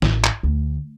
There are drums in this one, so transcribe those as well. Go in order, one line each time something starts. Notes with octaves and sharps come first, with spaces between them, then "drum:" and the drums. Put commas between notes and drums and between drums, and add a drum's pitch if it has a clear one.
A1, drum: snare
drum: clap
D2